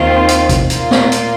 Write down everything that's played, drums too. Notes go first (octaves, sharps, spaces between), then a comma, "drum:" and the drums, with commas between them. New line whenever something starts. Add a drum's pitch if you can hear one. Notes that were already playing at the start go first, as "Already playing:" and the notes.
Already playing: D#2 D#3 C4 F4
drum: hi-hat
drum: kick, hi-hat
A#2 A#3 F4, drum: hi-hat
drum: snare
drum: hi-hat